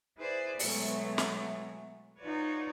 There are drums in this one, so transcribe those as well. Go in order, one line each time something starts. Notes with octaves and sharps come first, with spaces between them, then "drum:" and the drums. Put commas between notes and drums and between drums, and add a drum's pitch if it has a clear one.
E4 G#4 B4 C5 D5
B2 E3 F#3 G#3 A3 B3, drum: open hi-hat
drum: snare
D#4 F4 F#4 B4 C#5 D5